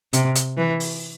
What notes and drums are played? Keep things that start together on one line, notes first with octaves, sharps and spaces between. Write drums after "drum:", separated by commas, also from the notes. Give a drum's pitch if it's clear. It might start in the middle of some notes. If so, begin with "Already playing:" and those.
C3, drum: hi-hat
drum: hi-hat
E3
drum: open hi-hat